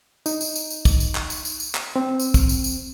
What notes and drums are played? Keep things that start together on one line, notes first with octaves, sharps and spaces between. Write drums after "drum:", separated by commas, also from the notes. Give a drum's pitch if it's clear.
D#4, drum: tambourine
drum: tambourine
drum: tambourine
drum: tambourine
drum: kick, tambourine
drum: tambourine
drum: clap
drum: tambourine
drum: tambourine
drum: tambourine
drum: clap
C4
drum: tambourine
drum: kick, tambourine
drum: tambourine
drum: tambourine